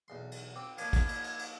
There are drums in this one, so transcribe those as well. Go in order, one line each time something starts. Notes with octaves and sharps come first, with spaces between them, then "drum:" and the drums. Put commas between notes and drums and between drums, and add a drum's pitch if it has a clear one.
B1 E2 C6
drum: cymbal
C4 G5 D6
F3 A#3 G#6, drum: cymbal
drum: kick, cymbal
drum: cymbal
drum: cymbal
drum: cymbal